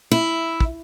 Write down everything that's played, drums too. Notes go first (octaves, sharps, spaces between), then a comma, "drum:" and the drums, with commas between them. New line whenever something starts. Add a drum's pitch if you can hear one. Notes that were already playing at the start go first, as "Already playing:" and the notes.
E4
drum: kick